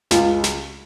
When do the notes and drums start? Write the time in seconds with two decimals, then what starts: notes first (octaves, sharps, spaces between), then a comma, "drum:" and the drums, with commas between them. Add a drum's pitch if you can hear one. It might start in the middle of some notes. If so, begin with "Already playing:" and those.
0.11 C#2 F4, drum: snare
0.44 drum: snare